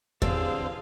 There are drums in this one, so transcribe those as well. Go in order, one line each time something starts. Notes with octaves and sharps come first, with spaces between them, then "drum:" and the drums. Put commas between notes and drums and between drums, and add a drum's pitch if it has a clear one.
A1 D3 C4 G#4 F5, drum: kick E2